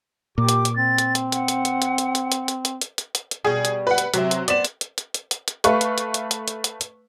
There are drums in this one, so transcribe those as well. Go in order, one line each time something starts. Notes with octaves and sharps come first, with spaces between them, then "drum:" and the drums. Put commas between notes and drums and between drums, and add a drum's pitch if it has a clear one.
A#2 G4 D6
drum: hi-hat
drum: hi-hat
C4 A6
drum: hi-hat
drum: hi-hat
F#5, drum: hi-hat
drum: hi-hat
drum: hi-hat
drum: hi-hat
drum: hi-hat
drum: hi-hat
drum: hi-hat
drum: hi-hat
drum: hi-hat
drum: hi-hat
drum: hi-hat
drum: hi-hat
drum: hi-hat
B2 G3 G#4
drum: hi-hat
B4 F#5
drum: hi-hat
C3 F#3 C4 E5, drum: hi-hat
drum: hi-hat
B3 C4 D5 E7, drum: hi-hat
drum: hi-hat
drum: hi-hat
drum: hi-hat
drum: hi-hat
drum: hi-hat
drum: hi-hat
A3 B4 F5 C#6, drum: hi-hat
drum: hi-hat
drum: hi-hat
drum: hi-hat
drum: hi-hat
drum: hi-hat
drum: hi-hat
drum: hi-hat